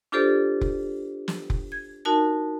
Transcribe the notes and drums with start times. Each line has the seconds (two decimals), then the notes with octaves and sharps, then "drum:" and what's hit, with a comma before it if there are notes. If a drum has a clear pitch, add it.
0.12 D4 F4 G4 A4 C5 D5
0.61 drum: kick F1
1.28 drum: snare
1.50 drum: kick F1
1.72 G#6
2.05 D#4 F#4 A#4 A5